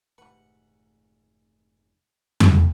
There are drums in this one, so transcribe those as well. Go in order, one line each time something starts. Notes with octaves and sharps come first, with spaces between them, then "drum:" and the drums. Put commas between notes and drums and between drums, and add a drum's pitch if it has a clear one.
F1 G#2 B2 D#3 G3 A3 B4 F#5
drum: tom F2